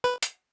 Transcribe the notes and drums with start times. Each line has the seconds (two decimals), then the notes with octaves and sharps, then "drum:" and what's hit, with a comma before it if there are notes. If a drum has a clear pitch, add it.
0.04 B4
0.23 drum: hi-hat